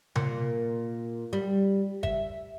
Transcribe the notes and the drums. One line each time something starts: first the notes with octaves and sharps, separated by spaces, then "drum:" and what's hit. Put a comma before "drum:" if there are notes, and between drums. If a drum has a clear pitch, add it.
A#2, drum: tom C3
G3
E5, drum: kick